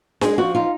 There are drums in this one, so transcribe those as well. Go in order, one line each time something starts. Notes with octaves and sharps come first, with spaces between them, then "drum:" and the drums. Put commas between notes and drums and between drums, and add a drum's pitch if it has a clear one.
G#3 C4 G#4, drum: snare D4
F3 F#4
D#4 F4